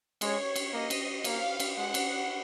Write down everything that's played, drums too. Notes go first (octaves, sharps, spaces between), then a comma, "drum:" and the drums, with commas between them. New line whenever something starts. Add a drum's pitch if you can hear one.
G#3 C#5, drum: cymbal
drum: cymbal
A#3 D#5
drum: cymbal
A#3 F5, drum: cymbal
drum: cymbal
G#3 F#5
drum: cymbal